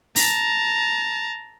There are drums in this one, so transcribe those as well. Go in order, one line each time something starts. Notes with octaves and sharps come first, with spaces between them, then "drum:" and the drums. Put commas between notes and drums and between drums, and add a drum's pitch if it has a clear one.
A5 A#5, drum: open hi-hat